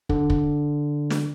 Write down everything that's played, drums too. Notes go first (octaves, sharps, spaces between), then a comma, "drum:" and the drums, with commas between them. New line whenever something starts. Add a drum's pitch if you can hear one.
D3, drum: kick
drum: kick
drum: snare